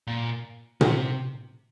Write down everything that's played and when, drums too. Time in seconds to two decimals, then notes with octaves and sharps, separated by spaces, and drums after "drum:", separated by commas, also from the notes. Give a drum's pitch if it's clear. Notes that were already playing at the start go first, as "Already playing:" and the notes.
0.07 A#2
0.81 C3, drum: tom A#2